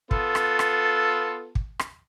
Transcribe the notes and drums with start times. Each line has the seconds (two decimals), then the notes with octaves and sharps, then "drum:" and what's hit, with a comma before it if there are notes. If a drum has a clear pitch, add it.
0.11 B3 F4 A4, drum: kick
0.35 drum: rim click
0.59 drum: rim click
1.55 drum: kick
1.79 drum: rim click